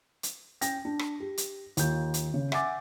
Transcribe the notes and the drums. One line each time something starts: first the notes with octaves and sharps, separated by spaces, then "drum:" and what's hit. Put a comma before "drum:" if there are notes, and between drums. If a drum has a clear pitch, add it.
drum: hi-hat
C#4 G5 A#6, drum: hi-hat
D4
drum: rim click
G4
drum: hi-hat
D#2 F4 G6, drum: hi-hat
drum: hi-hat
C#3
E5 F#5 G#5 D6 A6, drum: rim click